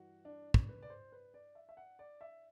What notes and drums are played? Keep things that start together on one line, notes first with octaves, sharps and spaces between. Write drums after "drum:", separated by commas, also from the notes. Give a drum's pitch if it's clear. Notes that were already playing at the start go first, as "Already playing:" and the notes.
Already playing: G2 E3 G3 F#4
D4
drum: kick
B4
D5
C5
B4
D5
E5
E5
F#5
D5
E5